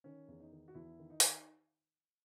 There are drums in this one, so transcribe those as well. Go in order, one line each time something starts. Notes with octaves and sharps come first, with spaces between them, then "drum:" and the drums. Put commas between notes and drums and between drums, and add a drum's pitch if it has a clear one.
D#3 C#4
E2
D#4
D#3
F#4
E2 E4
D#3
D#4
drum: open hi-hat